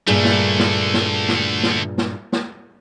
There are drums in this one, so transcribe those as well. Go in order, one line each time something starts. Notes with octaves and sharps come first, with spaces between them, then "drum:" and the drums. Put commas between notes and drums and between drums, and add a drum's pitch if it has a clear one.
G2 A#2 D3 A3 G#4
drum: snare
drum: snare
drum: snare
drum: snare
drum: snare
drum: snare
drum: snare